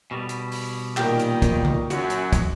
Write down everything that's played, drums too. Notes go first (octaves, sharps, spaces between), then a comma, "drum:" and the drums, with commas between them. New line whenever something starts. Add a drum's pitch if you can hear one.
B2 G3
drum: hi-hat
drum: open hi-hat
A#2 D#3 G4 A#4, drum: clap
drum: hi-hat
drum: kick, hi-hat
drum: tom C#3
F#2 F#4, drum: hi-hat
drum: hi-hat
drum: kick, hi-hat